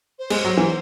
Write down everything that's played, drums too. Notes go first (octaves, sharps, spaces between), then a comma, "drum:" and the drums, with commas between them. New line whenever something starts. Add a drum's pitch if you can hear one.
C5
G#3, drum: cymbal
F#3
E3